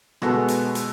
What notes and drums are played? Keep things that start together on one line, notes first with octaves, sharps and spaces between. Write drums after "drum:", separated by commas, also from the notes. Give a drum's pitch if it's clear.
B2 G#3 B3 F#4 A4, drum: rim click
drum: hi-hat
drum: hi-hat